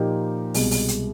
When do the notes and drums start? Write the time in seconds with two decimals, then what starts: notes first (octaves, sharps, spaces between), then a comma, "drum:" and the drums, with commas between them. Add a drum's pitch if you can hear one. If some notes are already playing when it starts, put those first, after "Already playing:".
Already playing: A#2 F3 A#3 D#4 G4
0.54 C2 B2 G#3, drum: open hi-hat
0.71 drum: open hi-hat
0.88 drum: hi-hat